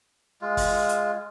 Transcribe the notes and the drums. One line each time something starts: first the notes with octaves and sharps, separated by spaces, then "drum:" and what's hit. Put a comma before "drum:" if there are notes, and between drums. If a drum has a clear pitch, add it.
G#3 F4
drum: kick, open hi-hat
drum: hi-hat